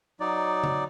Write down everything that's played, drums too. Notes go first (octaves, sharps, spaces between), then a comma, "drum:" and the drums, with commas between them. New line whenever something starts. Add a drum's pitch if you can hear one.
F#3 D#4 D5
drum: tom C#3